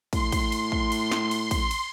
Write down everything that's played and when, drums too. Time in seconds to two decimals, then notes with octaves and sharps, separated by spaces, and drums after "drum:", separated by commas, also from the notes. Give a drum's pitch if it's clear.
0.13 A2 C6, drum: kick, cymbal
0.32 drum: kick, cymbal
0.52 drum: cymbal
0.72 drum: kick
0.92 drum: cymbal
1.12 drum: snare
1.31 drum: cymbal
1.51 drum: kick, cymbal
1.71 drum: cymbal